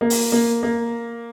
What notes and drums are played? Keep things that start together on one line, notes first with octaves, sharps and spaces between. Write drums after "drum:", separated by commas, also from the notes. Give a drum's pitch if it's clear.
A#3
drum: open hi-hat
A#3
A#3